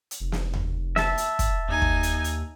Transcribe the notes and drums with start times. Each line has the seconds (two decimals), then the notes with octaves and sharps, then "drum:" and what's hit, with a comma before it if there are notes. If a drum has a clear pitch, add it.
0.11 drum: hi-hat
0.20 F1
0.32 drum: snare
0.54 drum: tom D#2
0.96 E5 A5, drum: snare
1.18 drum: hi-hat
1.39 drum: kick, hi-hat
1.68 D#2 D#4 G#5
1.82 drum: kick
2.03 drum: hi-hat
2.24 drum: hi-hat